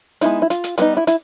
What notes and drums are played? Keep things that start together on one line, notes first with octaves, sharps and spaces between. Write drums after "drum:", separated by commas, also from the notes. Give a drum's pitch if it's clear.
G#3 B3 D#4 E4, drum: hi-hat
E4
F4, drum: hi-hat
drum: hi-hat
G3 B3 D#4 F#4, drum: hi-hat
E4
E4, drum: hi-hat